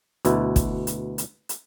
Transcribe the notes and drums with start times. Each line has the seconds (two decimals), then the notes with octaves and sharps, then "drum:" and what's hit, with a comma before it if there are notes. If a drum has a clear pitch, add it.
0.25 D2 B2 E4, drum: hi-hat
0.56 drum: kick, hi-hat
0.87 drum: hi-hat
1.18 drum: hi-hat
1.49 drum: hi-hat